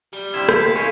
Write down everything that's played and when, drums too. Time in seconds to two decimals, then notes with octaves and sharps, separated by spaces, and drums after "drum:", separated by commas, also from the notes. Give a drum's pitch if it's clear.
0.13 G3
0.34 D3 C4 E4
0.49 E4 F5, drum: rim click
0.74 G#3 C#4 E4